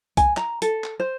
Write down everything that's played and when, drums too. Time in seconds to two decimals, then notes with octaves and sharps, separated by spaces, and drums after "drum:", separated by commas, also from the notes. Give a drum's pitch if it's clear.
0.17 G#5, drum: kick C2, hi-hat
0.37 A#5, drum: clap
0.62 A4, drum: hi-hat
0.84 drum: clap
1.00 C5